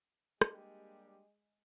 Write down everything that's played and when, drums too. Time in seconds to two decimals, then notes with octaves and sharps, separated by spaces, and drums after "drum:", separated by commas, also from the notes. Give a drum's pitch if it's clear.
0.41 G3 G#3 A#3 D4 G4, drum: rim click